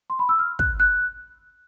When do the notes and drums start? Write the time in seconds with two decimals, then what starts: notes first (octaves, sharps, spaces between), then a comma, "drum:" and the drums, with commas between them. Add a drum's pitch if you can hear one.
0.10 C6
0.19 B5
0.29 E6
0.39 F6
0.59 F#6, drum: kick
0.80 F#6